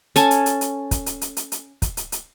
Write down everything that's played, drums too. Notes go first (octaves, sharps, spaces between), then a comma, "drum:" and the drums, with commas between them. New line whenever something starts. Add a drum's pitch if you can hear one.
C#4 A4 G#5 A5, drum: hi-hat
drum: hi-hat
drum: hi-hat
drum: hi-hat
drum: kick, hi-hat
drum: hi-hat
drum: hi-hat
drum: hi-hat
drum: hi-hat
drum: kick, hi-hat
drum: hi-hat
drum: hi-hat